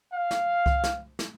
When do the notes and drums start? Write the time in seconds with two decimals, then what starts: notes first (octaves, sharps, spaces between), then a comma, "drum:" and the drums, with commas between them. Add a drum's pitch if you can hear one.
0.13 F5
0.31 drum: snare
0.66 drum: kick C2
0.84 drum: snare
1.19 drum: snare